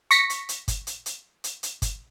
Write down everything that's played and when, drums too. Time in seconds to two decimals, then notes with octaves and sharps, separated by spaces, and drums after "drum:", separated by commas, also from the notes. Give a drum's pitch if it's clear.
0.11 C#6 A#6 B6 C#7, drum: hi-hat
0.30 drum: hi-hat
0.49 drum: hi-hat
0.68 drum: kick G1, hi-hat
0.87 drum: hi-hat
1.06 drum: hi-hat
1.44 drum: hi-hat
1.63 drum: hi-hat
1.82 drum: kick G1, hi-hat